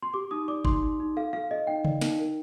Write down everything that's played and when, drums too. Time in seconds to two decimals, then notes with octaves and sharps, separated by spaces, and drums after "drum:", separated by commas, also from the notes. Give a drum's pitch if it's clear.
0.02 C6
0.14 G4 D6
0.31 D#4 D#6
0.48 D5 D6
0.65 D#4 C6, drum: kick
0.83 D#4
1.00 D#4
1.17 A4 F5
1.33 A4 F5
1.50 A4 D#5
1.67 D#4 G5
1.85 D5, drum: tom C#3
2.01 D#4, drum: snare
2.19 A#4